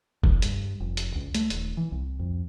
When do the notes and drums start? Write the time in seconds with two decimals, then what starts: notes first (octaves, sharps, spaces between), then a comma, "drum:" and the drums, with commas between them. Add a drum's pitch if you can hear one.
0.24 E2, drum: kick F1
0.42 G2, drum: hi-hat
0.80 F1
0.97 drum: hi-hat
1.15 C#2
1.35 A3, drum: hi-hat
1.50 D#1, drum: hi-hat
1.77 E3
1.92 C2
2.19 F2